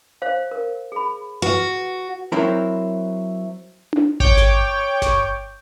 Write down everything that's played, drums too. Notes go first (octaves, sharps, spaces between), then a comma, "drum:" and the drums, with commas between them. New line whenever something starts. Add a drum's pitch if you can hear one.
C5 F5
A#4
G#4 B5
F#4 B4
F#3 C4 E4 A#4
drum: tom D4
C#5 G5 D6, drum: kick G#1
drum: snare G1
drum: snare G1